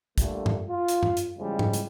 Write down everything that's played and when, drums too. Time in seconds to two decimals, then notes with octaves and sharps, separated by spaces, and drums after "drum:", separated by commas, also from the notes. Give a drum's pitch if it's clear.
0.18 A#2 D3 G3 A3, drum: kick A1, hi-hat
0.46 drum: tom G2
0.68 F4
0.88 drum: hi-hat
1.03 drum: tom G2
1.17 drum: hi-hat
1.37 E2 C#3 F3 G3 G#3
1.59 drum: tom G#2
1.73 drum: hi-hat